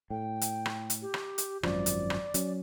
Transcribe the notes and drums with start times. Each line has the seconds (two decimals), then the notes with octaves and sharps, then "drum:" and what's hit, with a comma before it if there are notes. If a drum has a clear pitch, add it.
0.10 A2 G5
0.41 drum: hi-hat
0.66 drum: rim click
0.90 drum: hi-hat
1.02 G4
1.14 drum: rim click
1.38 drum: hi-hat
1.63 G#1 F#2 F3 D5, drum: rim click
1.86 drum: hi-hat
2.10 drum: rim click
2.34 F#3 C#4, drum: hi-hat